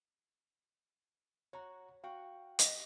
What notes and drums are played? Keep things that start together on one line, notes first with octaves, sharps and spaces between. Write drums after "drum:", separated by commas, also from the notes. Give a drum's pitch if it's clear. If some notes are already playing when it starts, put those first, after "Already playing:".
F#4 C#5 A#5
F#4 F5 G5
G4 D#5 F#5, drum: hi-hat